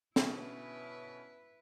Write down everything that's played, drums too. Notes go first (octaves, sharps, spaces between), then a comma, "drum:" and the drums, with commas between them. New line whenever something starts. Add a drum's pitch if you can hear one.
B2 D3 C#4 E4 B4, drum: snare